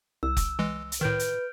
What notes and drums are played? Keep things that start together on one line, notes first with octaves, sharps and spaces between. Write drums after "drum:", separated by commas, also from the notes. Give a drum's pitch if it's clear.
C2 E6
drum: kick F1, hi-hat
E3 G#3
drum: hi-hat
A2 D#3 B4 F6 G6 D7
drum: hi-hat